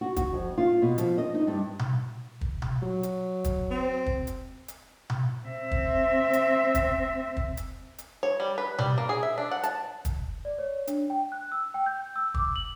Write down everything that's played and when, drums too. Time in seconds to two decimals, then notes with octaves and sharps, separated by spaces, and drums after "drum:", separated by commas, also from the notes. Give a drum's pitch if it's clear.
0.01 F#4
0.16 F#4, drum: kick, hi-hat
0.33 F2
0.58 F4
0.82 B2
0.98 F3, drum: hi-hat
1.18 D#5
1.34 D#4
1.47 G2
1.79 drum: tom B2
2.41 drum: kick
2.62 drum: tom B2
2.82 F#3
3.03 drum: hi-hat
3.44 drum: kick, hi-hat
3.71 C4
4.06 drum: kick
4.27 drum: hi-hat
4.68 drum: hi-hat
5.10 drum: tom B2
5.47 C4 E5
5.71 drum: kick
6.33 drum: hi-hat
6.75 drum: kick, hi-hat
7.37 drum: kick
7.57 drum: hi-hat
7.98 drum: hi-hat
8.23 C#5
8.40 G3
8.58 B4
8.79 G3, drum: tom B2
8.98 A#3
9.09 G#4
9.23 E5
9.38 D4
9.52 F#5
9.64 A5, drum: hi-hat
10.05 drum: kick, hi-hat
10.45 D5
10.58 C#5
10.87 D4, drum: hi-hat
11.10 G5
11.32 F#6
11.52 E6
11.74 G5
11.86 G6
12.16 E6
12.34 D6, drum: kick
12.56 F#7